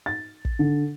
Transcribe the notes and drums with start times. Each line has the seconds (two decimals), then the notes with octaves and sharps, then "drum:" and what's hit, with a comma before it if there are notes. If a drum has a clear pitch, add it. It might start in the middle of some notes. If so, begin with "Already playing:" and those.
0.06 A6
0.45 drum: kick
0.59 D3